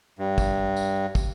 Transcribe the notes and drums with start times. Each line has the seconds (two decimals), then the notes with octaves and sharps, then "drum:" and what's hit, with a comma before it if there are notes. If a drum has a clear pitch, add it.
0.18 G2
0.38 drum: kick, tambourine
0.76 drum: tambourine
1.15 drum: kick, tambourine